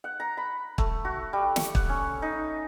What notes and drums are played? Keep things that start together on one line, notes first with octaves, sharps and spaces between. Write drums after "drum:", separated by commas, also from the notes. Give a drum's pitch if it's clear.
F#5
A#5
B5
A3, drum: kick
F#4
G3
C#6, drum: snare
F#5, drum: kick
C#4
D#4